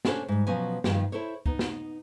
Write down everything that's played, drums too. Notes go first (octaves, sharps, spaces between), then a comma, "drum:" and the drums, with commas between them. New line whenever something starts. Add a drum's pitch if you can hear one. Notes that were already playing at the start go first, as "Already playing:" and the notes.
C#4 D4 A4 A#4 C5 C#5, drum: snare
G#2 G3
B2 F3 F#3 B3 C#4 G#5
G2 A#2 D3 D#3 F3, drum: snare
E4 A4 C5 C#5
B3 D#4, drum: kick C#2
drum: snare